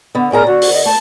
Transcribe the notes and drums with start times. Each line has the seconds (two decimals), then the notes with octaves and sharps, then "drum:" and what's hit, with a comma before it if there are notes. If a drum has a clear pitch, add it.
0.15 D3 B3
0.32 A2 G#4 A#4 D5 A#5
0.47 D3 F#4
0.62 drum: open hi-hat
0.73 D#5
0.85 A3 A5